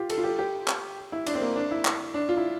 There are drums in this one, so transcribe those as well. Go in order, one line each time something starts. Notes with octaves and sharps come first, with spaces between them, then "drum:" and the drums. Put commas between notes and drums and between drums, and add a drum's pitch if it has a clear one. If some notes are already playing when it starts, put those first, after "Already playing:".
Already playing: F4 G4
A4, drum: cymbal
F4
G4
G4
drum: clap
E4
D4, drum: cymbal
C4
A#3
D4
E4
drum: clap
D4
F4
E4